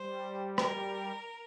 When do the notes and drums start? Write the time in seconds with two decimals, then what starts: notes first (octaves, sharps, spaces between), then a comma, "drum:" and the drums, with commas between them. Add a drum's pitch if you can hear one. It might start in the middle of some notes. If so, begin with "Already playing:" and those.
Already playing: G3 C5
0.58 A#4, drum: rim click